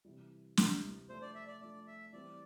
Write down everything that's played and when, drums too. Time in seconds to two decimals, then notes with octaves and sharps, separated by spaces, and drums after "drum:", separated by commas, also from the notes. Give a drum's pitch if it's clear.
0.05 C3 E3 G3
0.57 C3 E3 G3, drum: snare
1.09 F3 A3 D4 C5
1.22 D5
1.35 E5
1.47 D5
1.61 F3 A3 D4 D5
1.87 E5
2.13 E3 G3 C4 D5